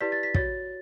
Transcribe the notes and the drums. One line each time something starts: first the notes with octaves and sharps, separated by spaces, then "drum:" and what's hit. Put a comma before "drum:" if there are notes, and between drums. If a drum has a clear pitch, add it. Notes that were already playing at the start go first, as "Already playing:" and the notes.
E4 G4 B4 D5 B6
A6
B6
F#4 C#5 A6, drum: kick